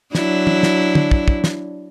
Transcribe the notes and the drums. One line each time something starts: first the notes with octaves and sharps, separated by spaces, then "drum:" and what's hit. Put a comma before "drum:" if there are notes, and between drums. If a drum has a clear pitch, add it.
F#3 D4 E4, drum: snare
drum: tom
drum: snare
drum: tom
drum: kick
drum: kick
drum: snare